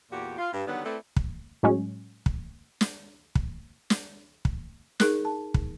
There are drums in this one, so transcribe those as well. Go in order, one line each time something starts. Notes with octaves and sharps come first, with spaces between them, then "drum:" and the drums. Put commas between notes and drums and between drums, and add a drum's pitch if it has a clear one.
E2 A#2 F#4 G4
F4
G2
D3 D#3 F#3 G3 B3
A3 C4 E4 A4 B4 D5
drum: kick
A2 F#3 G#3 C#4
drum: kick
drum: snare
drum: kick
drum: snare
drum: kick
D#4 G#4 A#4 F#6, drum: snare
A5
drum: kick